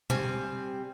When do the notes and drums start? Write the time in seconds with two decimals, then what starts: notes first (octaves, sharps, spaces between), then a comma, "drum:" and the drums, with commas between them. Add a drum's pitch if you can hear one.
0.10 G3 C4 G#5, drum: tom B2